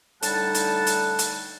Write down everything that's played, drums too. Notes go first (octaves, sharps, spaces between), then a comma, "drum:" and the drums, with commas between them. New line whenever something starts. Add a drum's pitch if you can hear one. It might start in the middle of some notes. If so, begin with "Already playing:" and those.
A2 D3 G3 D#4 F#5 A5, drum: hi-hat
drum: hi-hat
drum: hi-hat
drum: hi-hat